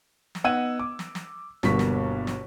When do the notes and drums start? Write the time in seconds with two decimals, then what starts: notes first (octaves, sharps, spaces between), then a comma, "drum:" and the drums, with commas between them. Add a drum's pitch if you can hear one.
0.35 drum: snare
0.44 B3 D#4 F#5 E6 G#6 D#7
0.79 D6
0.99 drum: snare
1.15 drum: snare
1.63 G1 G2 B2 A#3 C#6 B6, drum: snare
1.79 drum: snare
2.27 drum: snare